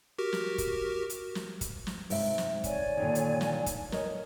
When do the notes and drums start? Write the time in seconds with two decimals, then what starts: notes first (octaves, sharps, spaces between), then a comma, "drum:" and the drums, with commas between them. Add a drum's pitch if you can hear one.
0.18 F#4 G4 A#4
0.33 drum: snare
0.58 drum: kick, hi-hat
1.10 drum: hi-hat
1.35 drum: snare
1.61 drum: kick, hi-hat
1.87 drum: snare
2.10 G#2 C3 E5, drum: open hi-hat
2.38 drum: snare
2.64 C#5 D5 G#5, drum: kick, hi-hat
2.97 A#2 D3 D#3
3.15 drum: hi-hat
3.41 drum: snare
3.66 drum: kick, hi-hat
3.92 A#4 C#5 D#5, drum: snare